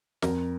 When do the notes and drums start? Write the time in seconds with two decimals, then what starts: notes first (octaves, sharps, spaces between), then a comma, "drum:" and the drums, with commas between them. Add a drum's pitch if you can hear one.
0.22 F2 A#4, drum: snare